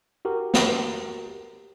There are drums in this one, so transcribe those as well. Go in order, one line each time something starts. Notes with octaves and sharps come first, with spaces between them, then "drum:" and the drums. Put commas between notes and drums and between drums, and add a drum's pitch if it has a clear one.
F#4 G4 A#4
drum: snare